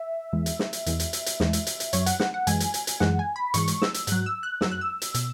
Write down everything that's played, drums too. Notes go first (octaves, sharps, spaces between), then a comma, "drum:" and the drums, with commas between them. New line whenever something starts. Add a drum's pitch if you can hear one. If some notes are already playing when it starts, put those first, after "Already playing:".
Already playing: E5
E2 E3 G#3
drum: hi-hat
drum: snare
drum: hi-hat
E2 E3 G#3, drum: hi-hat
drum: hi-hat
drum: hi-hat
drum: hi-hat
E2 E3 G#3, drum: snare
drum: hi-hat
drum: hi-hat
drum: hi-hat
F#2 F#3 C#5, drum: hi-hat
F#5, drum: hi-hat
F#5, drum: snare
F#5
F#2 E3 G#3 G#5, drum: hi-hat
drum: hi-hat
drum: hi-hat
drum: hi-hat
F#2 E3 G#3 F#5, drum: snare
G#5
B5
G#2 E3 G#3 C#6, drum: hi-hat
drum: hi-hat
E6, drum: snare
drum: hi-hat
G#2 F#3 F#6, drum: hi-hat
E6
F#6
F#2 F#3 E6, drum: snare
F#6
E6
drum: hi-hat
B2, drum: hi-hat